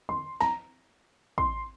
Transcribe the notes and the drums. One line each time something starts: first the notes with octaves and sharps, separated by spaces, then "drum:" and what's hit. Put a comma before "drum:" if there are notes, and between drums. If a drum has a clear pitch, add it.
C6, drum: tom D3
A#5, drum: snare
C6, drum: kick